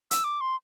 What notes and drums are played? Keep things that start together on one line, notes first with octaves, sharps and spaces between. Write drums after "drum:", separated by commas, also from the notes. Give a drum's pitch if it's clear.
E6, drum: hi-hat
D6
C6